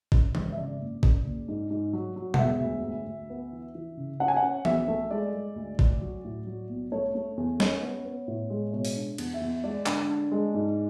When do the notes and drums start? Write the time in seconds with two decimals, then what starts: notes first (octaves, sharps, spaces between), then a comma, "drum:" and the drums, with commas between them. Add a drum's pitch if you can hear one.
0.12 C#3, drum: kick G#1
0.35 G#1, drum: tom E3
0.52 E5
0.57 C#3 D5
0.80 F#1
1.03 C#3, drum: kick G#1
1.25 F#1
1.48 G#2
1.70 G#2
1.93 F#3
2.16 F#3
2.34 F#5, drum: tom B2
2.39 E1 E5
2.62 D2
2.84 D2
3.07 D2
3.30 B3
3.52 E3
3.75 E3
3.97 C#3
4.20 C#4 F#5
4.28 G#5
4.37 F#5
4.42 C#4
4.65 B1 E5, drum: tom E3
4.88 A3
5.11 G#3 D5
5.33 G#3
5.56 D2
5.79 D2, drum: kick G#1
6.02 F#3
6.24 A2
6.47 F#3
6.69 B1
6.92 A3 C#5
7.15 A3
7.37 E2
7.60 C#4, drum: snare
7.82 B3
8.05 B3
8.28 A2
8.50 G#3
8.73 B2 C#5
8.85 drum: open hi-hat
8.96 D4
9.18 E2, drum: cymbal
9.34 E5
9.41 E2
9.63 G#3 D5
9.86 D3, drum: clap
10.09 D4
10.32 G#3
10.54 G#2